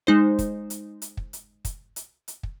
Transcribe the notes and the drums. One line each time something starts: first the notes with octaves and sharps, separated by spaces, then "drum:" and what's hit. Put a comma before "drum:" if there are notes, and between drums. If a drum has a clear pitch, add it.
G#3 D#4 C5
drum: kick, hi-hat
drum: hi-hat
drum: hi-hat
drum: kick
drum: hi-hat
drum: kick, hi-hat
drum: hi-hat
drum: hi-hat
drum: kick